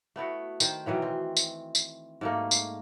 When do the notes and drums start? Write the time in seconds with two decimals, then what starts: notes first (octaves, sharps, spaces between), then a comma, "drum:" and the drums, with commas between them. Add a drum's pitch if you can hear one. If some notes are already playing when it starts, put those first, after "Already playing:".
0.16 A3 B3 E4 F#4
0.60 D#3 C5, drum: tambourine
0.86 B2 D#3 E3 F#3
1.02 C4
1.37 drum: tambourine
1.75 drum: tambourine
2.21 G#2 A3 A#3
2.51 drum: tambourine